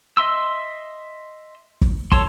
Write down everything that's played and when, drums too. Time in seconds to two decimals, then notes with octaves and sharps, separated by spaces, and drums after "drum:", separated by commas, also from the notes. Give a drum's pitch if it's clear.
0.17 D#5 E5 C6 E6
1.81 drum: kick
2.12 A4 C#5 A5 C6, drum: kick